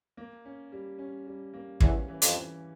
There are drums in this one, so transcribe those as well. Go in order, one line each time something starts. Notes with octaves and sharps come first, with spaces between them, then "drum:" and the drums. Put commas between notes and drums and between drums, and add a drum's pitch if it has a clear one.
A#3
C#4
G3
C#4
G3
A#3
E2 C#4, drum: kick
E3
F2, drum: hi-hat
E3